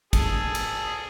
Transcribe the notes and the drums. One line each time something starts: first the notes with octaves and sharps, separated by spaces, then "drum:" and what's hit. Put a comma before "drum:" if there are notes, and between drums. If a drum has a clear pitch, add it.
G#4 A4, drum: kick, cymbal
drum: cymbal